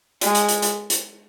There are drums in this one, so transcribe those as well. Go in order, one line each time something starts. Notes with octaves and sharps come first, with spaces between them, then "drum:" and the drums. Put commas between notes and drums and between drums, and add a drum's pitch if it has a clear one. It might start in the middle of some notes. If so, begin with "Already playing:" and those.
G#3, drum: hi-hat
drum: hi-hat
drum: hi-hat
drum: hi-hat
drum: hi-hat